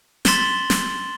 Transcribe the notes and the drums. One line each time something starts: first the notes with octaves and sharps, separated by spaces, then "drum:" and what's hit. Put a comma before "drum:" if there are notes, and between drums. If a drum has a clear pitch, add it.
C6 A6 B6 E7 F#7 G7, drum: snare
drum: snare